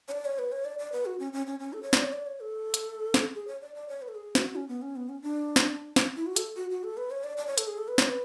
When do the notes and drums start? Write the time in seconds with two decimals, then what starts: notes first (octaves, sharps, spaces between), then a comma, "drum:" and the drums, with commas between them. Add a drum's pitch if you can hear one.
0.08 C#5
0.12 D5
0.25 C#5
0.39 B4
0.52 C#5
0.65 D5
0.79 D5
0.92 B4
1.06 F#4
1.20 C#4
1.33 C#4
1.47 C#4
1.60 C#4
1.73 A4
1.83 C#5
1.93 D5, drum: snare
2.04 C#5
2.13 D5
2.27 C#5
2.40 A4
2.74 drum: hi-hat
3.14 drum: snare
3.35 G#4
3.48 C#5
3.61 D5
3.75 D5
3.88 C#5
4.02 B4
4.08 A4
4.15 G#4
4.35 F#4, drum: snare
4.56 C#4
4.68 B3
4.82 C#4
4.96 B3
5.09 C#4
5.22 D4
5.56 drum: snare
5.96 drum: snare
6.16 E4
6.26 F#4
6.36 A4, drum: hi-hat
6.56 F#4
6.70 F#4
6.84 A4
6.97 B4
7.11 C#5
7.24 D5
7.37 D5
7.47 C#5
7.58 A4, drum: hi-hat
7.67 G#4
7.78 A4
7.88 B4
7.98 C#5, drum: snare
8.08 B4